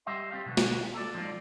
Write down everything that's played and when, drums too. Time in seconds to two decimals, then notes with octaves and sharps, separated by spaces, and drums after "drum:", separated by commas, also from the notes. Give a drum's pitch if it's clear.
0.06 G3 G4 D#5 E5 C6
0.31 G3 C4 G4 F5
0.46 B2 D3 F#3 B3
0.57 drum: snare
0.94 A4 D5
1.15 F3 G#3 C4 D#4 F4 D5